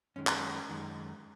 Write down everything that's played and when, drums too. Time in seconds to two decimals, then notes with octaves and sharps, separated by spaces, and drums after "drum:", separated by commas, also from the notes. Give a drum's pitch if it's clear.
0.16 F#2 D#3 G#3 C#4
0.27 drum: clap
0.69 F#2 D#3 G#3